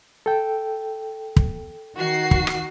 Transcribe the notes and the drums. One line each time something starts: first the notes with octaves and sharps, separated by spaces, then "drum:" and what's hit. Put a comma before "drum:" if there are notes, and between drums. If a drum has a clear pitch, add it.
A4 G5
drum: kick
D#3 F#4 C7
drum: kick
drum: rim click